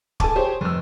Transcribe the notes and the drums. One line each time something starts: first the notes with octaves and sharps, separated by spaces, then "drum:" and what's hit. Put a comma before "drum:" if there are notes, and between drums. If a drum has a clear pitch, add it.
A4 G#5 A5 D6, drum: kick
G4 G#4 C5 C#5
F1 E6